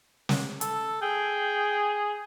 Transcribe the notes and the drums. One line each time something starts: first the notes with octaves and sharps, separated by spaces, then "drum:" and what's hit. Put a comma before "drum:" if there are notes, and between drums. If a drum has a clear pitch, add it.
drum: snare
A4, drum: hi-hat
G#4 G5